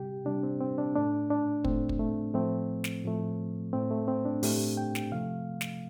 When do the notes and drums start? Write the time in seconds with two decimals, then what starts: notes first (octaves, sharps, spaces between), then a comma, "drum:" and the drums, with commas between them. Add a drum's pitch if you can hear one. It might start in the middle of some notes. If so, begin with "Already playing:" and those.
Already playing: C3 G3 G4 G5
0.25 C3 G3 D4
0.43 C4
0.60 C4
0.78 D4
0.95 A2 A3 D4
1.30 D4
1.65 A2 A3 C4, drum: kick
1.89 drum: kick
1.99 A3
2.34 A2 F3 A3 C4
2.84 drum: snare
3.04 A2 F3 A3
3.73 A2 A3 C4
3.91 A3
4.08 C4
4.25 D4
4.43 A2 A3 G4, drum: open hi-hat
4.77 G5
4.95 drum: snare
5.12 C3 F3 A3 F5
5.61 drum: snare